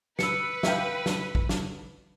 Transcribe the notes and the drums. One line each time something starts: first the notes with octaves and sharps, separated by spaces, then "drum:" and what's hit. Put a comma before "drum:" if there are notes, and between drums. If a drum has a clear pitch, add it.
B4 E6 C#7, drum: snare
E5 F5 G5, drum: snare
drum: snare
drum: kick
drum: snare